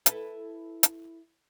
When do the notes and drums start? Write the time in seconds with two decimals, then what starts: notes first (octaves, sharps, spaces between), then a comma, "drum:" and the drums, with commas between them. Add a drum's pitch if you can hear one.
0.06 E4 A4 B4, drum: hi-hat
0.83 drum: hi-hat